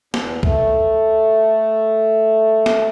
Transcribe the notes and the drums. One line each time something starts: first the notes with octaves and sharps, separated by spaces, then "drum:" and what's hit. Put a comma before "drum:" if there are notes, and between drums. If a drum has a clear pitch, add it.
E2, drum: snare
A3, drum: kick C2
drum: snare